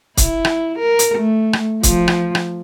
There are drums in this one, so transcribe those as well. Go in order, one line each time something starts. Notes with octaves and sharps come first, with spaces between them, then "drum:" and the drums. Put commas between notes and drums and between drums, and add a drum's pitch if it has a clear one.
E4, drum: kick, hi-hat
drum: rim click
A#4
drum: hi-hat
A3
drum: rim click
F3, drum: kick, hi-hat
drum: rim click
drum: rim click